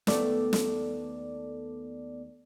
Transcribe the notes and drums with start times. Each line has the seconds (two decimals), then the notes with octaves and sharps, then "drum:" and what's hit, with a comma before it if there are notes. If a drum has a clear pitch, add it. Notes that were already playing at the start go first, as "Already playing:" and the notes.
0.07 D#2 A3 B3 A4 D5, drum: snare
0.53 drum: snare